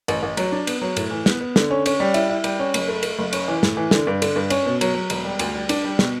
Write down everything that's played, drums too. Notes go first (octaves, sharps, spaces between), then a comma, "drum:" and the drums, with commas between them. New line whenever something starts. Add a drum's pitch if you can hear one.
A1, drum: cymbal
A1
F#3, drum: cymbal
D4
B3, drum: cymbal
F#3
A2, drum: cymbal
E3
B3, drum: snare
B3
D3, drum: snare
C#4
C#4, drum: cymbal
G3
E4, drum: cymbal
E4
G3, drum: cymbal
C#4
F#1, drum: cymbal
A3
A3, drum: cymbal
F#1
C#4, drum: cymbal
E3
A2, drum: snare
E3
D3, drum: snare
G2
D3, drum: cymbal
G2
C#4, drum: cymbal
B2
F#3, drum: cymbal
F#3
E1, drum: cymbal
G3
D2, drum: cymbal
G3
D4, drum: cymbal
G3
B2, drum: snare